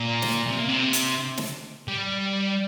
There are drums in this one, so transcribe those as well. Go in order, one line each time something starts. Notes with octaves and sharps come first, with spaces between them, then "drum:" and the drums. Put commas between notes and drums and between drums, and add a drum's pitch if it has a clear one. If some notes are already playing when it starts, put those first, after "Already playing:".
Already playing: A#2
drum: snare
C3
A#2
C3
drum: hi-hat
drum: snare
G3